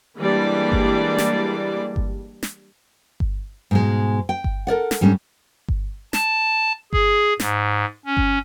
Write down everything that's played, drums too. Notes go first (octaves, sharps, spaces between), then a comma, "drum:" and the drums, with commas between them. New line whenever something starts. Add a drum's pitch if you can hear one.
E3 G3 G#3 A#3 D4 D5
drum: kick G1
drum: snare
drum: kick G1
drum: snare
drum: kick G1
G#2 B2 G#3
G5
drum: kick G1
A4 A#4 D5 F#5
drum: snare
G#2 G3 A3 C#4 D4
drum: kick G1
A5, drum: snare
G#4, drum: kick G1
G#2, drum: snare
C#4
drum: kick G1